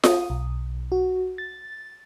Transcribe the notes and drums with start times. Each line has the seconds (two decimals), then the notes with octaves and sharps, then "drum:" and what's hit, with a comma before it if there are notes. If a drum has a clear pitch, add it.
0.04 D#6, drum: snare F4
0.30 B1
0.92 F#4
1.38 A6